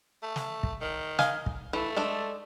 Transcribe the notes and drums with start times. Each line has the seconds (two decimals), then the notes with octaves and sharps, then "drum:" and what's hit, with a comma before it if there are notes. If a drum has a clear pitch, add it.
0.23 A3
0.36 drum: snare
0.63 drum: kick
0.81 D#3
1.19 D#5 F5 G#5, drum: snare
1.46 drum: kick
1.73 E3 A3
1.96 G#3 D4 A4